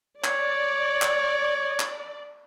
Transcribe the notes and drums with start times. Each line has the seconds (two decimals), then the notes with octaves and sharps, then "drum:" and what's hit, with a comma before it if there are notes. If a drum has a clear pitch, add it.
0.24 C#5 D5, drum: clap
1.02 drum: clap
1.80 drum: clap